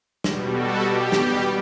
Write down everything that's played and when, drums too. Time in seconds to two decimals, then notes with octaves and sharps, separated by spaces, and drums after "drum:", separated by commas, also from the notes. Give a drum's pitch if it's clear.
0.24 B2 G3, drum: snare
0.52 F#4 A4
0.82 G4
1.12 drum: snare